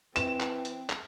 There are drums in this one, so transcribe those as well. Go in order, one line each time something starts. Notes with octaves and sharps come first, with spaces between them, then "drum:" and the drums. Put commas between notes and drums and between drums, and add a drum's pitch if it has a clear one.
E3 C4 E7, drum: hi-hat
drum: clap
drum: hi-hat
drum: clap